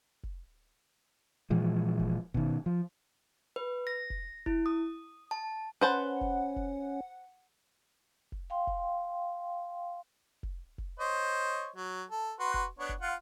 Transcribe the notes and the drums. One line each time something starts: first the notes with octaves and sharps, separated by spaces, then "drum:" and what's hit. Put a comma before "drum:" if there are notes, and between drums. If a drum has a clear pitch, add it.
drum: kick F1
A#2 E3 F3 G#3
drum: kick F1
B2 D#3, drum: kick F1
F3
B4
A#6
drum: kick F1
E4, drum: kick F1
D#6
A5
C#4 B4 C5 F#5 A5
drum: kick F1
drum: kick F1
drum: kick F1
F5 G5 C6
drum: kick F1
drum: kick F1
drum: kick F1
C5 C#5 D#5
F#3
A4
F#4 B4 C6
drum: kick F1
B3 D4 C#5
drum: kick F1
F4 F#5